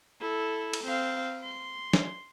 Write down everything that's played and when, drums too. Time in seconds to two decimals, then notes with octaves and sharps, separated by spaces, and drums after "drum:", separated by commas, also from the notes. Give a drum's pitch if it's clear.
0.20 E4 A4
0.73 drum: cymbal
0.84 C4 F5
1.44 C6
1.93 drum: snare